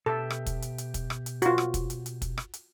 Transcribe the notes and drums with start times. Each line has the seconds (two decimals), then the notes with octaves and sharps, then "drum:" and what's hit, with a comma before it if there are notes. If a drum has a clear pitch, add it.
0.06 B2 G4 A4 E5
0.30 drum: rim click
0.46 drum: kick, hi-hat
0.62 drum: hi-hat
0.78 drum: hi-hat
0.94 drum: kick, hi-hat
1.10 drum: rim click
1.26 drum: hi-hat
1.42 F4 F#4, drum: hi-hat
1.58 drum: rim click
1.74 drum: kick, hi-hat
1.90 drum: hi-hat
2.06 drum: hi-hat
2.22 drum: kick, hi-hat
2.38 drum: rim click
2.53 drum: hi-hat